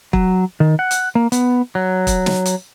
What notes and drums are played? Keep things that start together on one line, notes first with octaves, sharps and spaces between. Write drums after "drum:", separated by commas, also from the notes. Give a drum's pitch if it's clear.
F#3, drum: kick
D#3
F#5
drum: hi-hat
A#3
B3, drum: hi-hat
F#3
drum: kick, hi-hat
drum: snare
drum: hi-hat